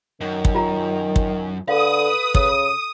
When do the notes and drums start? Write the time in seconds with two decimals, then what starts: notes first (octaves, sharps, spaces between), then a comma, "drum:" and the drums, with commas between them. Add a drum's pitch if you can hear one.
0.21 F#2 D#3
0.45 drum: kick
0.54 F4 G4 A#5
1.16 drum: kick
1.68 D3 A4 B4 F5 D#6
2.35 C#3, drum: kick